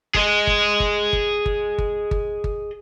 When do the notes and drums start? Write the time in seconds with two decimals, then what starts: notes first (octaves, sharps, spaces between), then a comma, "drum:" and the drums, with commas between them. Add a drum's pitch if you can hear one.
0.14 G#4 D#5, drum: kick G1
0.47 drum: kick G1
0.80 drum: kick G1
1.13 drum: kick G1
1.46 drum: kick G1
1.78 drum: kick G1
2.11 drum: kick G1
2.44 drum: kick G1